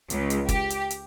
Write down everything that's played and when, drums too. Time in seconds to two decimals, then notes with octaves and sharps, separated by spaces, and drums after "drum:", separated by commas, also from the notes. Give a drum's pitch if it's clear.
0.10 C#2, drum: hi-hat
0.30 drum: hi-hat
0.49 G4, drum: kick, hi-hat
0.70 drum: hi-hat
0.90 drum: hi-hat